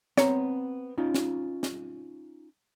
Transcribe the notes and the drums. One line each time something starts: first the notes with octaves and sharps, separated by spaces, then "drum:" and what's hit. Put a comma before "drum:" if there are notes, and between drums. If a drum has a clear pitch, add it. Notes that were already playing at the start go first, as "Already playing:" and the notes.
B3 C4 C#5 A#5, drum: snare
C#4 D#4 F4
drum: snare
drum: snare